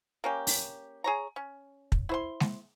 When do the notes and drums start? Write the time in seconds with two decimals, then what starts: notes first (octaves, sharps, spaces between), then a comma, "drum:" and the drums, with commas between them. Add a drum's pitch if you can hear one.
0.24 A#3 C#4 G4
0.47 drum: open hi-hat
1.04 G#4 C#5 A#5
1.36 C#4
1.92 drum: kick
2.09 E4 C5 C6
2.40 drum: snare G#3